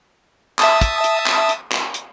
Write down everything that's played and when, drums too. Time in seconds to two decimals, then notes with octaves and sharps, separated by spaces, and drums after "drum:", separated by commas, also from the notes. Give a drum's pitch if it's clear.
0.59 E5 A5 D#6, drum: clap
0.81 drum: kick, hi-hat
1.04 drum: hi-hat
1.27 drum: clap
1.49 drum: hi-hat
1.72 drum: clap
1.94 drum: hi-hat